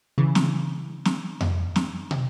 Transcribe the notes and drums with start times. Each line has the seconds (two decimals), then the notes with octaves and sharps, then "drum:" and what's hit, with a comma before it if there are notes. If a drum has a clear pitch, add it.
0.18 C#3 E3
0.35 drum: snare
1.05 drum: snare
1.41 drum: tom F2
1.76 drum: snare
2.11 drum: tom